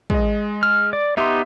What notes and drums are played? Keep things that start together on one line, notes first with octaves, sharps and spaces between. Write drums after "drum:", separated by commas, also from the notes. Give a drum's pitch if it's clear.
G#3 D#5, drum: kick
F6
D5
B3 D#4 G4 E5 C6